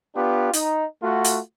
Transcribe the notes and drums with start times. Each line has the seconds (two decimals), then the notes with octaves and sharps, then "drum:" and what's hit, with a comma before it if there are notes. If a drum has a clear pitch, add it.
0.15 B3 D4 F4 G4
0.53 D#4, drum: hi-hat
1.03 A3 F4 F#4
1.24 drum: hi-hat